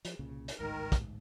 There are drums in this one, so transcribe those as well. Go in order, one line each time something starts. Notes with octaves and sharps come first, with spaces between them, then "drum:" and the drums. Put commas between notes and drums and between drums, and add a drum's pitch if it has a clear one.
F3, drum: hi-hat
C2 A#2 C#3
drum: hi-hat
A1 D2 G#2 D#3 A#4
drum: kick, hi-hat